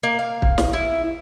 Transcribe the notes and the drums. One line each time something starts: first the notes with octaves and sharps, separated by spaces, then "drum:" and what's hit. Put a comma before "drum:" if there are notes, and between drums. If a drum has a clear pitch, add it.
A#3
F5
drum: kick
drum: snare
E4